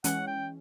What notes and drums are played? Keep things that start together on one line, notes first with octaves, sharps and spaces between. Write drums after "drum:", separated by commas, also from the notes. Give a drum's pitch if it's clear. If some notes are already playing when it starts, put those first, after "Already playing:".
E3 G#3 C#4 F#5, drum: hi-hat
G5